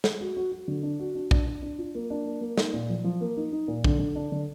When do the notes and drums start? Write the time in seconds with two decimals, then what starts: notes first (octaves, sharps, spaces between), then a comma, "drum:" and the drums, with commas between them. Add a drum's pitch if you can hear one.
0.04 G#3, drum: snare
0.21 F#4
0.37 F#4
0.52 F#4
0.68 D3
0.83 D4
1.00 F#4
1.15 D4
1.31 D4, drum: kick
1.46 D4
1.62 D4
1.79 F4
1.95 A#3
2.10 D4
2.25 A#3
2.41 A#3
2.58 D#4, drum: snare
2.73 A#2
2.89 F3
3.04 F3
3.21 A#3
3.37 D#4
3.52 D#4
3.68 A#2
3.84 D3, drum: kick
3.99 D3
4.16 D4
4.32 D3